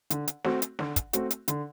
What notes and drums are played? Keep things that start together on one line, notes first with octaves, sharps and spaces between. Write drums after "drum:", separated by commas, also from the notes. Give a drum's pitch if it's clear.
D3, drum: hi-hat
drum: hi-hat
A3 C4 F#4, drum: snare
drum: hi-hat
D3, drum: snare
drum: kick, hi-hat
A3 C4 F#4, drum: hi-hat
drum: hi-hat
D3, drum: hi-hat